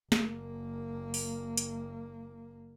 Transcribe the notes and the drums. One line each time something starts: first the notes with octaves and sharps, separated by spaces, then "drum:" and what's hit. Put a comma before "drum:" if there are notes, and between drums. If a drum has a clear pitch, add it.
F#1 A#3, drum: snare
drum: open hi-hat
drum: hi-hat